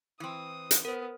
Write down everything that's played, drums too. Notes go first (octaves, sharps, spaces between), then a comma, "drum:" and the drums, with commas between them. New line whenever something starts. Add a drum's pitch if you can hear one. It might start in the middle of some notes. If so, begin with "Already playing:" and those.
E3 C4 D#6
drum: hi-hat
B3 A#4 C5